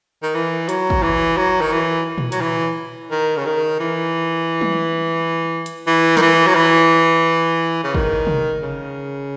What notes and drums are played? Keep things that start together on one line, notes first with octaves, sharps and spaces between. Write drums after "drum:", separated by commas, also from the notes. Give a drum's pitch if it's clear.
D#3
E3
F#3, drum: hi-hat
drum: kick
E3
F#3
D#3
E3
drum: tom A#2
F#3, drum: hi-hat
E3
D#3
C#3
D#3
E3
drum: tom F#3
drum: hi-hat
E3
D#3, drum: snare
E3
F#3
E3
C#3
D#3, drum: kick
drum: tom C3
C#3